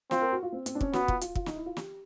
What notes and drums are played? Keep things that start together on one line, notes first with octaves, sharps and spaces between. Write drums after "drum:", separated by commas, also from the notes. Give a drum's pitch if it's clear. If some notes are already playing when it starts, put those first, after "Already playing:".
C4 F4, drum: snare
A#4
F#4
F4
C4
C4, drum: hi-hat
D4
C#4, drum: kick
B3 F#4, drum: snare
F4, drum: kick
F4, drum: hi-hat
F4, drum: kick
D#4, drum: snare
E4
F4
G4, drum: snare